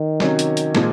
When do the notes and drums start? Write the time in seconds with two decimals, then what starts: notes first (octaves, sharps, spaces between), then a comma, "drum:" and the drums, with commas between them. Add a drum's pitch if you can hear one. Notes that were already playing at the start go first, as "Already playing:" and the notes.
Already playing: D#3
0.20 C3 F#3 C#4, drum: snare
0.39 drum: hi-hat
0.57 drum: hi-hat
0.75 A#2 F3 G#3, drum: snare